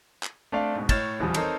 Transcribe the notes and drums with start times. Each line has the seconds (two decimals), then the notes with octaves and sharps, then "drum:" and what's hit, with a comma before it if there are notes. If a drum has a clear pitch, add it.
0.23 drum: clap
0.52 A3 C4 D4 D5 F5
0.75 G#2 B2
0.89 A2 C#5 F6 G6 A6 E7, drum: kick, cymbal
1.19 D#1 E2 F3 G3 D#6
1.34 C4 D#4 A4 A#4 C5 C#5, drum: cymbal